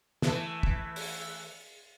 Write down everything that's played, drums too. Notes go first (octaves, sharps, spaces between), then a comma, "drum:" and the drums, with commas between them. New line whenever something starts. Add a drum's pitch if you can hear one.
E3 A3 A4, drum: snare
drum: kick
drum: open hi-hat